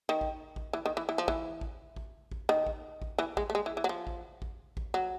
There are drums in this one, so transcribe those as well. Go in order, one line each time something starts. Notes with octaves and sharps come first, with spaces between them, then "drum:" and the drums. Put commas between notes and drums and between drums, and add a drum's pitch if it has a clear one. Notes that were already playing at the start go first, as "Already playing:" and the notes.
D#3
drum: kick A1
drum: kick A1
E3
D#3
E3
E3
F3
E3, drum: kick A1
drum: kick A1
drum: kick A1
drum: kick A1
D#3
drum: kick A1
drum: kick A1
E3
G#3, drum: kick A1
A3
G#3
E3
E3
F#3
F3
drum: kick A1
drum: kick A1
drum: kick A1
F#3